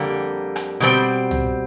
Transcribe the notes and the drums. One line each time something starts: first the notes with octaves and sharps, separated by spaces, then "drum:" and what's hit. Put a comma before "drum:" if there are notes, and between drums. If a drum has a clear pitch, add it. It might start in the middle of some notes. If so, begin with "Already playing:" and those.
Already playing: F2 D3 G3 A#3
drum: rim click
B2 G3 C4
drum: tom